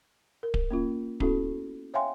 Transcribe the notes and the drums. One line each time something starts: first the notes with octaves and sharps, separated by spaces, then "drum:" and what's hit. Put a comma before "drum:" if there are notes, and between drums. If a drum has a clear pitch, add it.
A#4
drum: kick D1
A#3 C#4 F4
B3 C#4 E4 F#4 A4, drum: kick D1
C#5 E5 F5 G5 G#5 C6